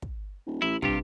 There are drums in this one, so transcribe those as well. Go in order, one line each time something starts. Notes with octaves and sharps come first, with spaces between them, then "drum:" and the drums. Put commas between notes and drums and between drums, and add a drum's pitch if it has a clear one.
drum: kick
D#1
A1 E4
G2 C3 F4 G4, drum: kick